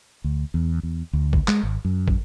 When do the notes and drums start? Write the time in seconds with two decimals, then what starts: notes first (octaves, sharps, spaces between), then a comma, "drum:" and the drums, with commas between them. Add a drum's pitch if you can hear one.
0.24 D2
0.54 E2
0.83 E2
1.13 D2
1.33 drum: kick
1.48 G#3, drum: clap
1.63 G#1
1.85 F#2
2.08 drum: kick